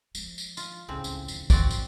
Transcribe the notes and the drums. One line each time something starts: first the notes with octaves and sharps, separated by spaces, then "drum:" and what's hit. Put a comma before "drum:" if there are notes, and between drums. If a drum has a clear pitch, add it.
F3 G#3, drum: tambourine
drum: tambourine
F4, drum: tambourine
C#2 A2 C#3 C4
C#2 G2, drum: tambourine
F2 D#3, drum: tambourine
G2 C4 F#4 D5, drum: kick, tambourine
drum: tambourine